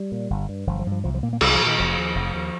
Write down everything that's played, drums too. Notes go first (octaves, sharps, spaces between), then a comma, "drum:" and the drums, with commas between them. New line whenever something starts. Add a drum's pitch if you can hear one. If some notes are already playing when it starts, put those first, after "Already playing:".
Already playing: G3
A#2
G1
G2
G1 F3
F3
G2
F3
C2 F3
F3
A#2 A#3
A#3
C2 G3, drum: cymbal
F3
A#2
D#3
F1 F3
D#2
F1
D#2